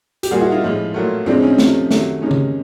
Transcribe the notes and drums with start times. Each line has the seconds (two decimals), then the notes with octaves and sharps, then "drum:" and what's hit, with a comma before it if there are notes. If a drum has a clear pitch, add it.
0.23 G4, drum: hi-hat
0.31 A#2 G3 F#4 G#4
0.41 E4 F#4
0.52 D#4 F4
0.62 A2 F3 G#3
0.94 A#2 F#3 A3
1.26 A2 F3 G#3 C4 D4
1.42 C#4 D#4
1.58 C3 F3 A3, drum: snare
1.91 C3 D#3 F#3 A3, drum: snare
2.22 C3 D#3 G#3 C#4 D#4
2.31 drum: tom C#3